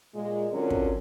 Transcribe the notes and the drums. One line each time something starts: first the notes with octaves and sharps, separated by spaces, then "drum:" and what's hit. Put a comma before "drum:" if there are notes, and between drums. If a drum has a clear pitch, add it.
A#2 G#3
D3 F#3 C4 C#4 F4 A#4
drum: kick